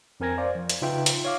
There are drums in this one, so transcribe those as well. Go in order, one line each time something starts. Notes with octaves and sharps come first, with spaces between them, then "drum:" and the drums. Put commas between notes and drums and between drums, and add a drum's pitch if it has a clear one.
F2 C4 A#4 G#5 G#6 A#6
C5 D5 F5
F3
drum: hi-hat
C#3 D#4 F4 B4 E5 G5
drum: hi-hat
C#5 F5 D6